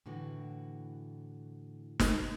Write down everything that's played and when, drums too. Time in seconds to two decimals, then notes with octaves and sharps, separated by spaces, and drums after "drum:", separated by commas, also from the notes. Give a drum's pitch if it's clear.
0.06 A2 D3 E3 F#4
2.00 drum: snare